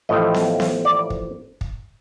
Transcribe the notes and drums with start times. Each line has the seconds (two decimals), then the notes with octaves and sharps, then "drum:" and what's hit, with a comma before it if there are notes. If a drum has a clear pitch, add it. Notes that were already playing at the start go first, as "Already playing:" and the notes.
0.09 A1 A2 F3 A3 D#5
0.34 drum: snare B3
0.60 drum: snare B3
0.85 D5
1.10 drum: kick
1.61 drum: kick